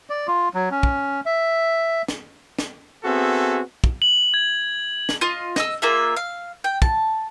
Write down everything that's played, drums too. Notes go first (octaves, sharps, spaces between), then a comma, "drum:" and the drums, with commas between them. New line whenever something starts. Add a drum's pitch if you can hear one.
D5
F4
F#3
C#4
drum: kick
E5
drum: snare
drum: snare
B3 C4 F#4 G#4 A4 E5
drum: kick
F#7
G#6
drum: snare
F4 D#5 F5
D#5 D#6 E6, drum: snare
A#3 F4 G#4 E5
F5
G5
A5, drum: kick